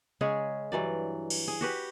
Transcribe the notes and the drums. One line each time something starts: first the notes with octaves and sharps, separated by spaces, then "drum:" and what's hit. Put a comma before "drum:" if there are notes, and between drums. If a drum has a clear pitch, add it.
C#3 G#3 C#4 G#4
G2 E3 F#3 D5
drum: cymbal
G#4
F#4 G4 B4